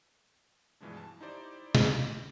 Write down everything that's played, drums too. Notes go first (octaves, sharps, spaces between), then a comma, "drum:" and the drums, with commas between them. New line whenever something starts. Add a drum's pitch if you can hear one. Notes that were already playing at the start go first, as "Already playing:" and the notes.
G2 B2 E3 F3 G#3 D4
A5
D#4 E4 G4 C5 D5
drum: snare